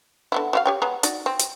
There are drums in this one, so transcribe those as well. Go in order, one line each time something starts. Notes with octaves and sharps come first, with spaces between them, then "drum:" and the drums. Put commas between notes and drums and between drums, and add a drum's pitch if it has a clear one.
D3 B3 E4
F#3 E4 F5
G4 C#5 G5
G#3 B3 A#5
D#4 F#4 D5, drum: hi-hat
C4
drum: hi-hat